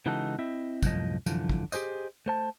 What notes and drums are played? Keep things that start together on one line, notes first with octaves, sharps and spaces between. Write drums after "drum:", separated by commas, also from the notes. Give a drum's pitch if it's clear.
C#3 E3 G#3 D#4 F#4 A4
C4 E4 D#5 E5
C2 F#2 A2 C3 F3 D#5, drum: kick, tambourine
C2 F#2 D3 E3 F3, drum: tambourine
drum: kick
G4 G#4 C5 D#5, drum: tambourine
A3 C5 A5